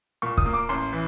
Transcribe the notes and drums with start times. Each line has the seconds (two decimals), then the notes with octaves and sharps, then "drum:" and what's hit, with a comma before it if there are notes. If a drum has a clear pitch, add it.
0.22 A#2 C#6
0.37 D#6, drum: kick C#1
0.46 A#3
0.53 D6
0.69 A1 C6
0.93 E3